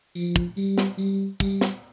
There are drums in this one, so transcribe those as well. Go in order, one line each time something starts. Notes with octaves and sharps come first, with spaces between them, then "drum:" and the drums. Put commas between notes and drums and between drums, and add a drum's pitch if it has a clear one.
F3, drum: tambourine
drum: kick
G3, drum: tambourine
drum: snare
G3, drum: tambourine
G3, drum: kick, tambourine
drum: snare